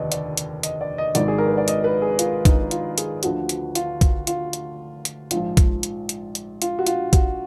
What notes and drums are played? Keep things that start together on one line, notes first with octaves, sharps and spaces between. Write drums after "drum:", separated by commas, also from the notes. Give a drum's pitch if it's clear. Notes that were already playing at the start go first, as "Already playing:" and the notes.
Already playing: F1 D#2 D3 B4 D5 D#5
D5, drum: hi-hat
drum: hi-hat
D#5, drum: hi-hat
D5
D#5
G#1 G#2 D#3 D5, drum: hi-hat
G#4
A#4
B4
D5
D#5, drum: hi-hat
B4
G#4
F4, drum: hi-hat
D#4, drum: kick, hi-hat
F4, drum: hi-hat
G#4, drum: hi-hat
D2 D3 F3 F#4, drum: hi-hat
drum: hi-hat
F4, drum: hi-hat
drum: kick, hi-hat
F4, drum: hi-hat
drum: hi-hat
drum: hi-hat
A#1 G#2 F3 F4, drum: hi-hat
drum: kick, hi-hat
drum: hi-hat
drum: hi-hat
drum: hi-hat
F4, drum: hi-hat
F#4
F4, drum: hi-hat
F#4, drum: kick, hi-hat